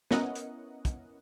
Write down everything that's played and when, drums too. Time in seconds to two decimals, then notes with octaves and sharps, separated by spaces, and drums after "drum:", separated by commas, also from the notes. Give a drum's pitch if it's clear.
0.11 B3 C#4 E4 A#4 D#5 F#5, drum: snare
0.35 drum: hi-hat
0.85 drum: kick, hi-hat